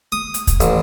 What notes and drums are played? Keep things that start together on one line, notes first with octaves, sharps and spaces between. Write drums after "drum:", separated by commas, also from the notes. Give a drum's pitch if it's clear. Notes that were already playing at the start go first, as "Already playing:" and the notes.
D#6
drum: hi-hat
drum: kick, hi-hat
A1, drum: hi-hat